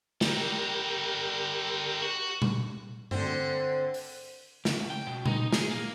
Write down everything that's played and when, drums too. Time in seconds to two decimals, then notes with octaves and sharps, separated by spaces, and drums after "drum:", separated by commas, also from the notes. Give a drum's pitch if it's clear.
0.21 D3 G3 G4 A#4, drum: snare
2.02 F#4
2.42 drum: tom A#2
3.11 D3 C4, drum: tom G2
3.94 drum: open hi-hat
4.65 C#2, drum: snare
4.90 G5
5.07 B2
5.26 D#4, drum: tom A#2
5.52 G#4, drum: snare
5.71 A#3